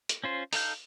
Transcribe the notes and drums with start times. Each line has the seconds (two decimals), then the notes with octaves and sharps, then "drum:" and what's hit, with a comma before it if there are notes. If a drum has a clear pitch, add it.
0.09 drum: hi-hat
0.24 C#4 F4 C5
0.53 D#4 A4 F5 G6, drum: open hi-hat